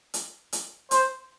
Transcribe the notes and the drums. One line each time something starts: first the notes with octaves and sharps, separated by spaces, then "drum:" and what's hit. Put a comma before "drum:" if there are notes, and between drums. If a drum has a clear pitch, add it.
drum: hi-hat
drum: hi-hat
C5, drum: hi-hat